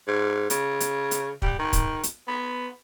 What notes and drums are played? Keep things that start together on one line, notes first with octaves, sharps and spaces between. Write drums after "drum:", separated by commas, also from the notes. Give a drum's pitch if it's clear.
G#2
C#3, drum: hi-hat
drum: hi-hat
drum: hi-hat
G3, drum: kick
D#3
drum: kick, hi-hat
drum: hi-hat
B3